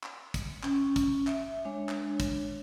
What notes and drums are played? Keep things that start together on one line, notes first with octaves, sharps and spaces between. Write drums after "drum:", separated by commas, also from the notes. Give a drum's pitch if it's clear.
drum: clap
drum: kick, hi-hat
C#4, drum: clap
drum: kick, hi-hat
E5, drum: clap
G#3 D4 C#5
drum: clap
drum: kick, hi-hat